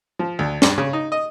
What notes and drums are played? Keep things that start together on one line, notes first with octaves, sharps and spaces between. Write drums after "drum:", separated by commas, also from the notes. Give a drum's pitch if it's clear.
F3
D2
G2, drum: snare
C#3
D#4
D#5